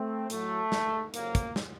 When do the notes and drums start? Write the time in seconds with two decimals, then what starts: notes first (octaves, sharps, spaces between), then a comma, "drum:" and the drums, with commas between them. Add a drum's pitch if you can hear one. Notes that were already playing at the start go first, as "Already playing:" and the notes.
Already playing: A3 C4
0.30 A2 F#3 A3, drum: hi-hat
0.72 drum: snare
1.14 F2 C#3 F#3 A#3, drum: hi-hat
1.35 drum: kick, hi-hat
1.56 drum: snare